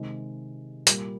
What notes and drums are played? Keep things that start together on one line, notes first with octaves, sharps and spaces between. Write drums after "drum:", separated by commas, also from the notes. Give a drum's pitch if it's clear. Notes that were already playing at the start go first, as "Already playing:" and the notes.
Already playing: C3 D#3 G#3
A#2 G3 A#3, drum: hi-hat